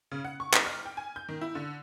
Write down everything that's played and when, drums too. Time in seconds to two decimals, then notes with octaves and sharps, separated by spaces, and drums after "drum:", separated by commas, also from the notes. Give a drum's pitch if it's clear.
0.11 C#3
0.25 F#5
0.40 C#6
0.53 C2, drum: clap
0.66 F6
0.85 G5
0.97 G#5
1.16 G6
1.29 D#3
1.41 E4
1.55 D3